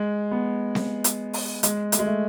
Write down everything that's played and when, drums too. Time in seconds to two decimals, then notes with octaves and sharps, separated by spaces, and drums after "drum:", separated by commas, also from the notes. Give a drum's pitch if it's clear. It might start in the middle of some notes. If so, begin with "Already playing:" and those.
Already playing: G#3
0.31 B3
0.75 drum: snare C4
1.04 drum: hi-hat
1.33 drum: open hi-hat
1.63 G#3, drum: hi-hat
1.92 A3, drum: hi-hat
1.99 G#3
2.06 A3